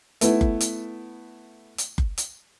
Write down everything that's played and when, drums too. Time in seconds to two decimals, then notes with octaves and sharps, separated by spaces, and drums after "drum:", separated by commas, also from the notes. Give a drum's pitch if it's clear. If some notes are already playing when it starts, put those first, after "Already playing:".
0.21 A3 B3 E4, drum: hi-hat
0.41 drum: kick F#1
0.61 drum: hi-hat
1.78 drum: hi-hat
1.98 drum: kick F#1
2.18 drum: hi-hat